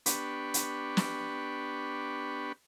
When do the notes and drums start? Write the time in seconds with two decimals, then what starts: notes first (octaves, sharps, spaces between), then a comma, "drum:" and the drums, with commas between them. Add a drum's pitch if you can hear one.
0.06 B3 D4 G4 B5 C#6, drum: hi-hat
0.54 drum: hi-hat
0.97 drum: snare